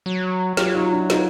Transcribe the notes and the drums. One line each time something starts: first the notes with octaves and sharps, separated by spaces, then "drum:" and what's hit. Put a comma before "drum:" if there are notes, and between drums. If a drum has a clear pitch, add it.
F#3
F#3 F4 G4, drum: snare
D#4 F4
D4 E4
D#4 F4, drum: snare